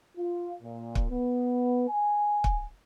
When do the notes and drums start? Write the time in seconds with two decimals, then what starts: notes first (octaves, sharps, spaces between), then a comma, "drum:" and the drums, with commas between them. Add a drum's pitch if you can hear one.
0.17 F4
0.62 A#2
0.95 drum: kick
1.10 B3
1.89 G#5
2.44 drum: kick